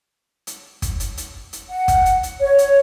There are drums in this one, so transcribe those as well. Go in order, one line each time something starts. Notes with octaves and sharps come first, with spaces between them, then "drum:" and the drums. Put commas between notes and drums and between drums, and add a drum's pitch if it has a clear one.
drum: hi-hat
drum: kick, hi-hat
drum: hi-hat
drum: hi-hat
drum: hi-hat
F#5
drum: kick, hi-hat
drum: hi-hat
drum: hi-hat
C#5
drum: hi-hat